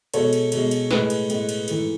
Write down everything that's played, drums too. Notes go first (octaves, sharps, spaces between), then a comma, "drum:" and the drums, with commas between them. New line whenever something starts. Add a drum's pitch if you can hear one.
B2 G#3 A4 C#5, drum: cymbal
drum: cymbal
B2 G#3, drum: cymbal
drum: cymbal
A2 G#3 G#4 B4, drum: snare
drum: cymbal
A2 G#3, drum: cymbal
drum: cymbal
G#2 E3 A3, drum: cymbal